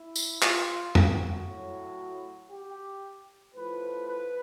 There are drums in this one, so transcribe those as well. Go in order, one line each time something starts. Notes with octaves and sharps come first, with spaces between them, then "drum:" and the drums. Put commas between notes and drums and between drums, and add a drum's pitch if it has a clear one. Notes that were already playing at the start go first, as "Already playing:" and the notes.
Already playing: E4
drum: tambourine
F4, drum: clap
F#4, drum: tom F2
A2 F#3
G4
A2 F3 B4
B4